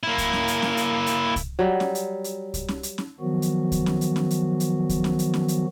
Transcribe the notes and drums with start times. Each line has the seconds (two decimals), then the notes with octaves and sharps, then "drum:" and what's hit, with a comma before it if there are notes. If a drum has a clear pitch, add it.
0.03 A#3 E4
0.18 drum: kick C2, hi-hat
0.33 drum: snare C#4
0.48 drum: hi-hat
0.62 drum: snare C#4
0.77 drum: hi-hat
1.06 drum: hi-hat
1.36 drum: kick C2, hi-hat
1.59 F#3 G3
1.80 drum: snare C#4
1.95 drum: hi-hat
2.24 drum: hi-hat
2.54 drum: kick C2, hi-hat
2.68 drum: snare C#4
2.83 drum: hi-hat
2.98 drum: snare C#4
3.20 D#3 F3 F#3 B3 F#4
3.42 drum: hi-hat
3.72 drum: kick C2, hi-hat
3.86 drum: snare C#4
4.01 drum: hi-hat
4.16 drum: snare C#4
4.30 drum: hi-hat
4.60 drum: hi-hat
4.89 drum: kick C2, hi-hat
5.04 drum: snare C#4
5.19 drum: hi-hat
5.34 drum: snare C#4
5.48 drum: hi-hat